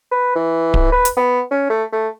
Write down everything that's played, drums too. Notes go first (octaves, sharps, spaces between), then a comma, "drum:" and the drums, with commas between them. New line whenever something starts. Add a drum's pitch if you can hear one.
B4
E3
drum: kick D1
B4
drum: hi-hat
B3
C#4
A3
A3